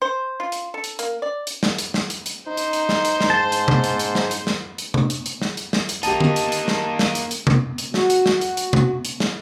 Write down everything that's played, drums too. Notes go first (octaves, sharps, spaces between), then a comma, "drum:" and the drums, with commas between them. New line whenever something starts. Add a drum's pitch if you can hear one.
C5
F4
drum: hi-hat
A4
drum: hi-hat
A#3, drum: hi-hat
D5
drum: hi-hat
drum: snare
drum: hi-hat
drum: snare
drum: hi-hat
drum: hi-hat
D#4 C5
drum: hi-hat
drum: hi-hat
drum: snare
drum: hi-hat
drum: snare
G#2 A5
drum: hi-hat
drum: tom C3
drum: hi-hat
drum: hi-hat
drum: snare
drum: hi-hat
drum: snare
drum: hi-hat
drum: tom C3
drum: hi-hat
drum: hi-hat
drum: snare
drum: hi-hat
drum: snare
drum: hi-hat
A#3 D#4 G4 A5, drum: hi-hat
drum: tom D3
drum: hi-hat
drum: hi-hat
drum: snare
drum: snare
drum: hi-hat
drum: hi-hat
drum: tom C3
drum: hi-hat
F#4, drum: snare
drum: hi-hat
drum: snare
drum: hi-hat
drum: hi-hat
drum: tom C3
drum: hi-hat
drum: snare